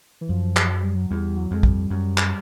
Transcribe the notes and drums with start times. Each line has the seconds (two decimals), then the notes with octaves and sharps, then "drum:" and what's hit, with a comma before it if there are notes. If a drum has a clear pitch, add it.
0.21 E3
0.29 F#2 F3
0.56 drum: clap
0.70 F#3
0.83 G3
0.95 F#3
1.10 E2 G3
1.37 F#3
1.51 F2 G#3
1.63 G3, drum: kick
1.90 F#2
2.18 drum: clap